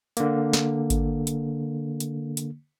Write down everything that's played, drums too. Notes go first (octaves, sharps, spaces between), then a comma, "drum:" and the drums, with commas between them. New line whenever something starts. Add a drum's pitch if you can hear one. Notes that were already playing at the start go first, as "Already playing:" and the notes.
D3 A#3, drum: hi-hat
drum: snare
drum: kick G#1, hi-hat
drum: hi-hat
drum: hi-hat
drum: hi-hat